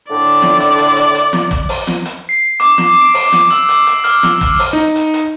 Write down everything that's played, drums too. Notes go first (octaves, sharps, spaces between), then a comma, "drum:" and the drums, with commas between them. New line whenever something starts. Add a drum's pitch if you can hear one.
A2 D3 D5
drum: snare
drum: hi-hat
drum: hi-hat
drum: hi-hat
drum: hi-hat
drum: snare
drum: kick, hi-hat
drum: open hi-hat
drum: snare
drum: hi-hat
C7
D6, drum: hi-hat
drum: snare
D7
drum: open hi-hat
drum: snare
E6, drum: hi-hat
drum: hi-hat
drum: hi-hat
F6, drum: hi-hat
drum: snare
drum: kick, hi-hat
drum: open hi-hat
D#4
drum: hi-hat
drum: hi-hat